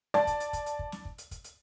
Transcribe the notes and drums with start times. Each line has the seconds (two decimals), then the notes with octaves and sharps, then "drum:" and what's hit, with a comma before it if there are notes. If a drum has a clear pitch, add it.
0.14 D5 A5, drum: snare
0.27 drum: kick, hi-hat
0.40 drum: hi-hat
0.53 drum: kick, hi-hat
0.66 drum: hi-hat
0.79 drum: kick
0.92 drum: snare
1.05 drum: kick
1.18 drum: hi-hat
1.31 drum: kick, hi-hat
1.44 drum: hi-hat